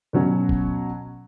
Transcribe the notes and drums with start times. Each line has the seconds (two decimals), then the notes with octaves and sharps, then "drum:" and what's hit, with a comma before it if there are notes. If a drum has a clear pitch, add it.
0.13 B2 F#3 C#4
0.49 drum: kick G1